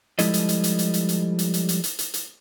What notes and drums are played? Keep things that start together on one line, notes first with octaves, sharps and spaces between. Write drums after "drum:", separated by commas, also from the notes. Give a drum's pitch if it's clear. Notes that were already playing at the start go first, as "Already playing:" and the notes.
F3 G3 G#3 E4 A4 D#5, drum: hi-hat
drum: hi-hat
drum: hi-hat
drum: hi-hat
drum: hi-hat
drum: hi-hat
drum: hi-hat
drum: hi-hat
drum: hi-hat
drum: hi-hat
drum: hi-hat
drum: hi-hat
drum: hi-hat